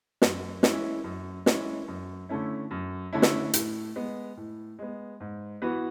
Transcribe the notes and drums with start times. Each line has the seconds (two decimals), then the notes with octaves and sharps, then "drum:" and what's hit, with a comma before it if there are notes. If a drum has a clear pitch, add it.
0.22 F#2, drum: snare
0.63 E3 G#3 C#4 E4, drum: snare
1.04 F#2
1.46 E3 G#3 C#4 E4, drum: snare
1.88 F#2
2.29 D3 A3 C#4 E4
2.71 F#2
3.13 D3 A3 C#4 E4
3.22 drum: snare
3.53 A2, drum: hi-hat
3.96 G#3 B3
4.37 A2
4.79 G#3 B3
5.20 G#2
5.62 E3 B3 F#4 B4